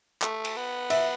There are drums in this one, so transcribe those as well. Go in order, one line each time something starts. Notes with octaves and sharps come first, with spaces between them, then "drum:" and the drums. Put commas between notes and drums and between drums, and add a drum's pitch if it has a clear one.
A3, drum: clap
drum: cymbal
B3
E5, drum: cymbal